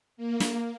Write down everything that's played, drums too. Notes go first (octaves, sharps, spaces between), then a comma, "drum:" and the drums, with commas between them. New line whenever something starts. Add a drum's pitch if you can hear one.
A#3
drum: snare